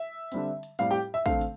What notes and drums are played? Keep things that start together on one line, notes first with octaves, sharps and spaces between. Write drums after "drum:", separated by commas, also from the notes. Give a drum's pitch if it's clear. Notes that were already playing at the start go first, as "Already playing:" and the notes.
Already playing: E5
D3 G3 C4, drum: hi-hat
drum: hi-hat
A2 G3 C4 F5, drum: hi-hat
G4 G5
E5
D3 A3 C4 F5, drum: kick, hi-hat
drum: hi-hat